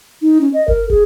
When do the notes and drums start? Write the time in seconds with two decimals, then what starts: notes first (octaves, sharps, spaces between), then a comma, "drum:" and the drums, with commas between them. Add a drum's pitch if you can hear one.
0.22 D#4
0.41 C#4
0.54 D#5
0.68 A#4, drum: kick
0.90 G#4, drum: kick